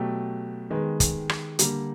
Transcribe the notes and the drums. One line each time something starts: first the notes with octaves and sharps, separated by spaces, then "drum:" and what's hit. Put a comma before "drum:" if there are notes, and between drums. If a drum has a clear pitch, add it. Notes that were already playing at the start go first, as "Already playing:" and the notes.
Already playing: B2 F#3 A3 G4
D#3 G#3 B3
drum: kick, hi-hat
drum: rim click
D3 G3 A#3, drum: hi-hat